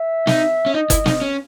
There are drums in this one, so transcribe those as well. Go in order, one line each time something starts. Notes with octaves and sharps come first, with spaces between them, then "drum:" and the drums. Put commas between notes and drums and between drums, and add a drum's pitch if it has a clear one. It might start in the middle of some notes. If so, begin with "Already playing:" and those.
Already playing: E5
D#4, drum: snare
C#4
D#4 D#5
E4, drum: kick F#1, hi-hat
D#4, drum: snare
C#4